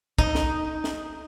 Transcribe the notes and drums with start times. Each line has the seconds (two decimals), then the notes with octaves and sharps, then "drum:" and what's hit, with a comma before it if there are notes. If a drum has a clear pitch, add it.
0.18 D#4, drum: kick
0.35 drum: snare C#4
0.84 drum: snare C#4